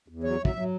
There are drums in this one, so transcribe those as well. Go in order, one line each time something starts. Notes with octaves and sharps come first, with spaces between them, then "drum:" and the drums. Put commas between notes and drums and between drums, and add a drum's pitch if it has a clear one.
E2
F#3 C#5
F#3
E5, drum: kick
F#3